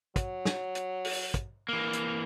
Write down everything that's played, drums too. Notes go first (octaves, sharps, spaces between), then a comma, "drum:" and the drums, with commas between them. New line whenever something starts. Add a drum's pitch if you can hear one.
F#3, drum: kick, hi-hat
drum: snare
drum: hi-hat
drum: open hi-hat
drum: kick, hi-hat
E3 A#3
drum: hi-hat